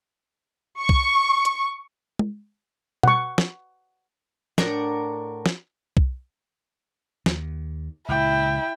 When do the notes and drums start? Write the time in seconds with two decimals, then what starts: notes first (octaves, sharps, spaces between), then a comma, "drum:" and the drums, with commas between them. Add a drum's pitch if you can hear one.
0.80 C#6
0.89 drum: kick B1
1.45 drum: hi-hat
2.19 drum: tom
3.03 F#5 C#6, drum: tom B2
3.38 drum: snare
4.58 A2 D4 A#4 F#5, drum: snare
5.46 drum: snare
5.97 drum: kick B1
7.26 D#2, drum: snare
8.09 C#2 A#2 E4 G5